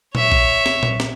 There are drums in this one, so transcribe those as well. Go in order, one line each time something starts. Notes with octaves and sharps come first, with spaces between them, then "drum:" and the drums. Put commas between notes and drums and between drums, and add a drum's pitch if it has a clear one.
C#5 E5, drum: tom A#2
drum: kick A#1
drum: snare
drum: tom A#2
drum: snare